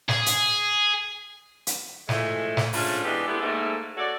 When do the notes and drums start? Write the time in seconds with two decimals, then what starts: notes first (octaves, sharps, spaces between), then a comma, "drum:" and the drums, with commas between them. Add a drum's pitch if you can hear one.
0.09 G#4, drum: snare
0.26 drum: hi-hat
1.67 drum: hi-hat
2.09 E3 F3 G#3 A3, drum: snare
2.57 drum: snare
2.73 F3 G#3 A3 C#4 D4 F4, drum: open hi-hat
3.03 E3 G#3 B3 D4 G4 D#5
3.28 G#3 A3 B3 D4 E4 G4
3.41 G#2 A3 A#3
3.97 F#4 A4 C#5 D5